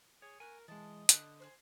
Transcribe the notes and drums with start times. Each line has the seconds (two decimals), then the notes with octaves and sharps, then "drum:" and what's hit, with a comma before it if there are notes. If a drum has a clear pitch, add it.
0.22 G#4 C#5
0.40 A3 A#4 F#5 G#5
0.68 E3 G#3 D#5 A5
1.09 D3 A5 F#6, drum: hi-hat
1.40 G#4 B4 C5